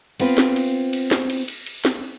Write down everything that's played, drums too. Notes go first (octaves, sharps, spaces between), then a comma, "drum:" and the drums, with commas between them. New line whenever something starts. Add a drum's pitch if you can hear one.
B3 C4 F4 B4, drum: cymbal
drum: snare
drum: cymbal
drum: cymbal
drum: snare
drum: cymbal
drum: cymbal
drum: cymbal
drum: snare